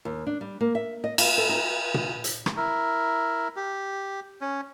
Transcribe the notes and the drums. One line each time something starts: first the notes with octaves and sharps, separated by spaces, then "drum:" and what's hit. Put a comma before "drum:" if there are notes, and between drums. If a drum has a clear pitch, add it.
D#2
D4
G3
A#3
E5
D#5
F5, drum: cymbal
A4
D#4
drum: tom A#2
drum: hi-hat
drum: rim click
E4 A#4
G4
C#4